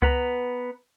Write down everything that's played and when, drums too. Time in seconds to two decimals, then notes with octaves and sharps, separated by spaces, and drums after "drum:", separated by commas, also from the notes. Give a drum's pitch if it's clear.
0.02 B3 B4 A#5, drum: kick C#2